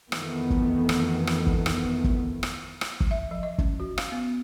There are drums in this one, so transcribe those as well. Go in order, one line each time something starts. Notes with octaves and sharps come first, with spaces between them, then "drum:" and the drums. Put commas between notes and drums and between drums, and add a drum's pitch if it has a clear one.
F2 D#3 E3 A3 B3, drum: rim click
drum: kick
drum: rim click
drum: rim click
drum: kick
drum: rim click
drum: kick
drum: rim click
drum: rim click
drum: kick
E5
F3
D#5
C#4, drum: kick
F#4
F5, drum: rim click
B3